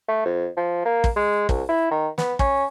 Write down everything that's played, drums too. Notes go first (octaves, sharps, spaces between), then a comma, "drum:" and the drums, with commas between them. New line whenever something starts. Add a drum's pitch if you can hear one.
A3
F2
F3
A#3
drum: kick
G#3
C2, drum: kick
E4
D#3
B3, drum: snare
C#4, drum: kick